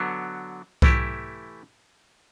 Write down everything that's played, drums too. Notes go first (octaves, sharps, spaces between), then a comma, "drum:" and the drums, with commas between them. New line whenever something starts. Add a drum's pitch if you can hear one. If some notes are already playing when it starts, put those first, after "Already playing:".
Already playing: D3 F#3 B3 D4
E3 A3 E4 G4, drum: kick C2